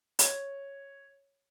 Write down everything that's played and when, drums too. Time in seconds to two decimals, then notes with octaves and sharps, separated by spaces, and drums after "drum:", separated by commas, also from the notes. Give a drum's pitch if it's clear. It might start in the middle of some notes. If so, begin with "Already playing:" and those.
0.19 C#5, drum: hi-hat